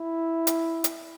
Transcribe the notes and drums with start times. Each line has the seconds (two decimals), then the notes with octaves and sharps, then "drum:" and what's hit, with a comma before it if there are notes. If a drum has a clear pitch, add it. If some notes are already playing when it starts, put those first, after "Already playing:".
Already playing: E4
0.47 drum: hi-hat
0.84 drum: hi-hat